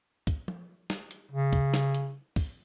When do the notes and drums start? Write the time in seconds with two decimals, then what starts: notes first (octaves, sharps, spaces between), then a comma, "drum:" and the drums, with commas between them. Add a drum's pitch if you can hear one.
0.27 drum: kick, hi-hat
0.48 drum: tom F3
0.90 drum: snare
1.11 drum: hi-hat
1.32 C#3
1.53 drum: kick, hi-hat
1.74 drum: snare
1.94 drum: hi-hat
2.36 drum: kick, open hi-hat